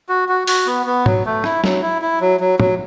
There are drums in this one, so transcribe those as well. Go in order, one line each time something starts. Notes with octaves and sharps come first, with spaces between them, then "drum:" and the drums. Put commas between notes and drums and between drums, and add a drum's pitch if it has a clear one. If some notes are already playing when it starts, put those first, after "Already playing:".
F#4
F#4
F#4, drum: open hi-hat
B3
B3
F#3, drum: tom
A3
E4, drum: rim click
F#3, drum: snare
E4
E4
F#3
F#3
F#3, drum: tom